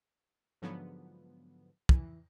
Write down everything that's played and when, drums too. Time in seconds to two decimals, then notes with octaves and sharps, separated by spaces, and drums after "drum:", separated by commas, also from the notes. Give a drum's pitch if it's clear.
0.62 G#2 D3 F3 F#3 B3
1.89 E3, drum: kick